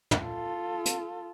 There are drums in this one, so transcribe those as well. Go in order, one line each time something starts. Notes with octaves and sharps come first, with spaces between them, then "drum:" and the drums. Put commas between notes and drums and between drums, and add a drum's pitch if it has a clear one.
drum: tom
F4 A4
drum: hi-hat